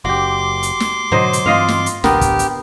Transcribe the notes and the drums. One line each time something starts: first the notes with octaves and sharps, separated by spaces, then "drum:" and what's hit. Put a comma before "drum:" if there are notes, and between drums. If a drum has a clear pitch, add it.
F#1 F#4 G4 C6 D6
drum: hi-hat
drum: snare
G#2 B2 D3 F#3 C5 D#5
drum: hi-hat
G2 E3 C4 F4 D#5 F5
drum: snare
drum: hi-hat
A1 D2 B3 D4 G4 A#4, drum: snare
drum: kick, hi-hat
drum: hi-hat